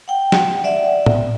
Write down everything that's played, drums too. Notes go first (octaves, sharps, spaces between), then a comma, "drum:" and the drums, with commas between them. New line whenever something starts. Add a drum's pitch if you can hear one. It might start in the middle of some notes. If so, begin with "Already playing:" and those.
F#5 G5
drum: snare
D5 E5 F#5
drum: tom